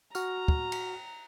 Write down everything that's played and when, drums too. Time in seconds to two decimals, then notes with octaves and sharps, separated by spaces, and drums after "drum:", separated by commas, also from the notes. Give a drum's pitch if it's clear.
0.15 F#4 A#5 F6, drum: tambourine
0.48 drum: kick
0.72 drum: cymbal